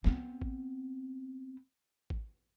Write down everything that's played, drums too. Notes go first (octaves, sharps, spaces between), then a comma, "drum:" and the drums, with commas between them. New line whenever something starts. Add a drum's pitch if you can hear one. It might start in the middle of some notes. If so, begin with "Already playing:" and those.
B3 C4, drum: snare
drum: kick A1
drum: kick A1